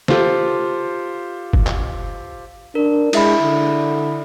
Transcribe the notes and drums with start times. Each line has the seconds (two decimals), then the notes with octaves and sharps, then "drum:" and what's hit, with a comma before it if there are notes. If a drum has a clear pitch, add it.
0.08 F4 G4 A4 C5, drum: snare
1.53 drum: kick F#1
1.67 drum: clap
2.75 D4 A#4
3.13 G#3 E4 E5 B5, drum: cymbal
3.42 D3